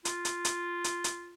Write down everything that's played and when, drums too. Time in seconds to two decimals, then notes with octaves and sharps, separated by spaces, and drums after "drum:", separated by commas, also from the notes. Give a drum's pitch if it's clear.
0.05 F4, drum: hi-hat
0.25 drum: hi-hat
0.45 drum: hi-hat
0.84 drum: hi-hat
1.04 drum: hi-hat